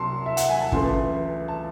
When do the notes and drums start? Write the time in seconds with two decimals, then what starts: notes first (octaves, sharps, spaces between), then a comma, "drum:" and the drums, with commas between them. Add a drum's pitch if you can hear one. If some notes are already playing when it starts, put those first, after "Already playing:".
Already playing: C2 C3 F#3 A5 C6
0.26 E5
0.37 F#5, drum: hi-hat
0.49 G#5
0.61 A5
0.72 C#2 C#3 E3 A3 C6, drum: kick
1.48 A5